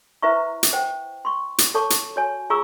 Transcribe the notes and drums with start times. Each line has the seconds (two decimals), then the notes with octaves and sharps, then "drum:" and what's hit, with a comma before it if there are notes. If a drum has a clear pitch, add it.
0.22 E4 B4 C5 E5 A#5 C#6
0.63 drum: hi-hat
0.73 C5 F#5 G5
1.25 C6 C#6
1.58 drum: hi-hat
1.74 A4 C#5 A5 C#6 D6
1.90 drum: hi-hat
2.16 F#4 C#5 G#5
2.50 F4 G#4 A#5 C#6 D6 E6